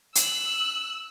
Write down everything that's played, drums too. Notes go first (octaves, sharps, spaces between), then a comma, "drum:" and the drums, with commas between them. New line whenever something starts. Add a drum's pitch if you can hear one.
E6 F#6, drum: hi-hat